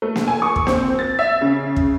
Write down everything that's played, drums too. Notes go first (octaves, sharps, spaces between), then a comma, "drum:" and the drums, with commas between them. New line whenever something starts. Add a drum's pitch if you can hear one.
A3
drum: snare A#3
G#5
C#6
drum: kick
C4, drum: snare A#3
A6
E5
C#3
drum: kick